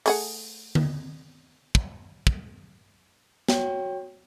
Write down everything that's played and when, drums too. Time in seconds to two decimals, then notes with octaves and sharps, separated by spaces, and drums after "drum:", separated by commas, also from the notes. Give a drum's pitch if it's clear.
0.06 A3 G#4 F#5, drum: open hi-hat
0.75 drum: tom D3
1.75 drum: kick
2.27 drum: kick
3.48 F#4 C#5 G5, drum: snare